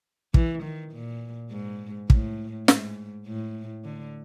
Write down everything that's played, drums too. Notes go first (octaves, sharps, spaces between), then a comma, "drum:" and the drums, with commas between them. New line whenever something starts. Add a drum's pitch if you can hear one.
E3, drum: kick
D#3
A#2
G#2
A2, drum: kick
G#2, drum: snare
A2
D3